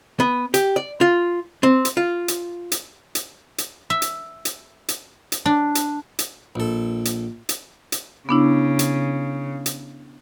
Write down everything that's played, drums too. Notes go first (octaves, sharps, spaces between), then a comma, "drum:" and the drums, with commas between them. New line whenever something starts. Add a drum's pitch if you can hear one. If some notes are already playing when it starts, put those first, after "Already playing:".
B3
G4, drum: hi-hat
D5
F4
C4
drum: hi-hat
F4
drum: hi-hat
drum: hi-hat
drum: hi-hat
drum: hi-hat
E5
drum: hi-hat
drum: hi-hat
drum: hi-hat
drum: hi-hat
D4
drum: hi-hat
drum: hi-hat
A#1 A4
drum: hi-hat
drum: hi-hat
drum: hi-hat
C#3 B3 D4 E4
drum: hi-hat
drum: hi-hat